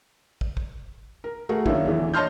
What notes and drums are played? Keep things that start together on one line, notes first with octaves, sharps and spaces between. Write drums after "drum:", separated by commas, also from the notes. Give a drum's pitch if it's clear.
drum: kick
drum: kick
A#4
A3 F#4 G#4 A#4
F#2 D#3 A#3 C#4 D4 E4, drum: kick
E2 D3 E3
C#5 D#5 A5 C6 F6 G6